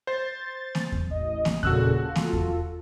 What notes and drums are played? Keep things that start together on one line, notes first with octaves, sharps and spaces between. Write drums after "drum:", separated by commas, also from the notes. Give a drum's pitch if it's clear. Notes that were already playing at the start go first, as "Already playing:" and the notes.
C5 A6
drum: snare A#3
drum: kick E2
A1 D#5
drum: snare A#3
A#2 C#3 F#4 A4 E6 F#6, drum: kick E2
F4 A4
drum: snare A#3
drum: kick E2